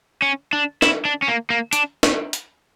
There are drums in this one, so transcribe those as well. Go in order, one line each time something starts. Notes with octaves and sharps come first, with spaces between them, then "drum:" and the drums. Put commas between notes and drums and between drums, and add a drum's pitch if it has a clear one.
C#4
D4
E4, drum: snare
D4
C#4
A#3
A#3
D4, drum: hi-hat
drum: snare
drum: hi-hat